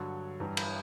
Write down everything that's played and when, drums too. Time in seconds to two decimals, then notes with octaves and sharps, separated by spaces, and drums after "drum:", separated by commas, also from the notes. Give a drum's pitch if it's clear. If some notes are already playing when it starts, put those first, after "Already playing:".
Already playing: G2 D3 F#3 C#5
0.40 G2 E3 G3 A#5
0.57 B5, drum: cymbal